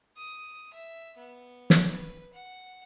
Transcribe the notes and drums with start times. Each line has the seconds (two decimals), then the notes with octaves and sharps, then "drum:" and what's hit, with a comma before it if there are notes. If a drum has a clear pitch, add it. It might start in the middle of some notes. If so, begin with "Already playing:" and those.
0.17 D#6
0.73 E5
1.17 B3
1.70 drum: snare
1.90 B4
2.33 F#5